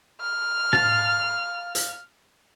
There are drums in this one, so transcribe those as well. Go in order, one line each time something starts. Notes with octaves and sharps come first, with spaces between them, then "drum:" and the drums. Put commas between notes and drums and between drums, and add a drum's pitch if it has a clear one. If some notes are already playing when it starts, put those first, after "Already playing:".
F6
F5 A5, drum: tom
drum: hi-hat